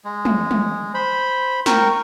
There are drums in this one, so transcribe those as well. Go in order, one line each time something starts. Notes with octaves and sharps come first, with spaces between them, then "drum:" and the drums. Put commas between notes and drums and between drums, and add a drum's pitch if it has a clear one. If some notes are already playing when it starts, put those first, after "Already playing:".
G#3
drum: tom
drum: tom
C5 B5
A#4 G5 C#6, drum: snare